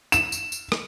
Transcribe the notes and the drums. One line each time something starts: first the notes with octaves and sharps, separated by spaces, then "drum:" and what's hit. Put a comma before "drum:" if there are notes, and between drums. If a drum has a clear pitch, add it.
E7, drum: tambourine
drum: tambourine
drum: tambourine
drum: rim click